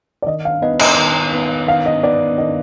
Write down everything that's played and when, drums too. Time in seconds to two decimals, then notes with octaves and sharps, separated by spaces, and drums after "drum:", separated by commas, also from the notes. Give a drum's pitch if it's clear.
0.22 D5
0.27 D#3 D#5
0.45 F5
0.62 B3 D#4 B4 D#5
0.79 D#5, drum: cymbal
0.98 D#3
1.33 B3 D#4 B4
1.68 D#3 F5
1.86 D#5
2.03 B3 D#4 B4 D5
2.38 D#3 D#5